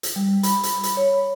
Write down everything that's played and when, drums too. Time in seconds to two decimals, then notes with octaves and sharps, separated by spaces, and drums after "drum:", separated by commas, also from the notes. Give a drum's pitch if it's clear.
0.03 drum: hi-hat
0.16 G3
0.43 B5, drum: hi-hat
0.63 drum: hi-hat
0.83 drum: hi-hat
0.97 C#5